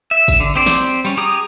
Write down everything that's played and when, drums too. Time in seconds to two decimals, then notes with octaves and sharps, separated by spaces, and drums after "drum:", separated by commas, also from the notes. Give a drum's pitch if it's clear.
0.11 E5
0.28 drum: kick G#1, tambourine
0.40 D3
0.55 C4 G4 C5 D5
0.66 drum: snare
1.05 G3 C#4, drum: tambourine
1.17 G4 G#4 A#5 D#6